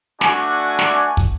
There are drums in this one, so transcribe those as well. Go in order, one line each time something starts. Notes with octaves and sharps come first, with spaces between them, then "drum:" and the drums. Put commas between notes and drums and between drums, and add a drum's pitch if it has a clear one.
A3 D4 F#4 D5 G#5, drum: snare
drum: snare
drum: kick